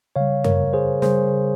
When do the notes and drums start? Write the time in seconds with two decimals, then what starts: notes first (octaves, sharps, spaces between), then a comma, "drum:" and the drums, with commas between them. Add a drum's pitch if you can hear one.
0.16 C#3 G3 C#5 F5
0.44 A#4 C#5, drum: tom F#2
0.73 G#4 C5
1.02 C#3 G3 G#4 C5, drum: snare